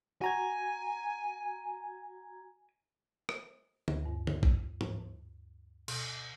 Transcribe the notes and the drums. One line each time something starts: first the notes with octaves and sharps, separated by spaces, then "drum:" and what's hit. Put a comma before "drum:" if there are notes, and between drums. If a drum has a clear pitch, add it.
F#4 G#5 A#5 G#6
drum: rim click
D2, drum: tom
G2
drum: tom
drum: kick A#1
drum: tom G#2
B2, drum: cymbal